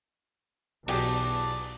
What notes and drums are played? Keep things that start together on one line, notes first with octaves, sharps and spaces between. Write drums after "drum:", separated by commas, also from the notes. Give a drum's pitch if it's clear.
B1 E2 B2 F#3 G4 G#4 D5 A5, drum: cymbal